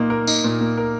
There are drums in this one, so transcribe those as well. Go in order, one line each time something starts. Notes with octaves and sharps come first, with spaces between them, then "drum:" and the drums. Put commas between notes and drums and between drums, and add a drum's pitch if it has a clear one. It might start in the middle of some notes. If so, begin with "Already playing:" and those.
Already playing: A#2 A#3 D#4
A#4
D#4, drum: tambourine
A#2
A#3
A#4